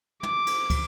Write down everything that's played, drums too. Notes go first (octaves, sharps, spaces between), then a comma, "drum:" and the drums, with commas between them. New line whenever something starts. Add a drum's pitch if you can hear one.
D6, drum: tom
drum: cymbal
drum: kick, cymbal